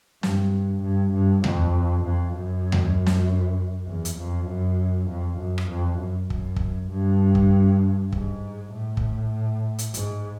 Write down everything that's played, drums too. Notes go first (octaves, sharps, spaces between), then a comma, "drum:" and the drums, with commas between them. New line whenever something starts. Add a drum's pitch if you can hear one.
G2, drum: snare
G2
G2
F2, drum: tom D#2
F2
F#2
drum: tom D#2
drum: snare
E2
drum: hi-hat
F2
F#2
F2
F#2
drum: rim click
F2
F#2
F#2, drum: kick
drum: kick
G2
drum: kick
G#2, drum: kick
A2
drum: kick
drum: hi-hat
G#2, drum: hi-hat